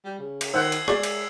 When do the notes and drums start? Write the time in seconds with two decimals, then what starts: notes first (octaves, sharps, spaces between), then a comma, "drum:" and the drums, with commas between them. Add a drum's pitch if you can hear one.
0.05 G3
0.19 C#3
0.41 drum: cymbal
0.54 D#3 C5 F#5 E6 G#6 C7
0.72 drum: cymbal
0.88 G#3 D5, drum: rim click
1.03 drum: cymbal